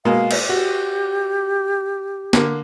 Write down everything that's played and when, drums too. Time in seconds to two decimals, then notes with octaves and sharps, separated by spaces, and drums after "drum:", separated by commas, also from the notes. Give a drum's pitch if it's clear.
0.05 B2 G#3 A#3 F5
0.31 drum: cymbal
0.49 F#4 G4
2.33 D3 A#3, drum: snare